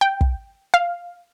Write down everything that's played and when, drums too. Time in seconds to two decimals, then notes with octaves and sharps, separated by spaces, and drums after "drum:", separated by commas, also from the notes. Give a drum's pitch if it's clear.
0.01 G5
0.21 drum: kick
0.74 F5